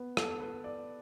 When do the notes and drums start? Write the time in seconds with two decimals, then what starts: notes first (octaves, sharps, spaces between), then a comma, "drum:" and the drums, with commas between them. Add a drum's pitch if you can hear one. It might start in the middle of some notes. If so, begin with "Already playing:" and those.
Already playing: B3
0.17 A4, drum: rim click
0.40 B4
0.64 D5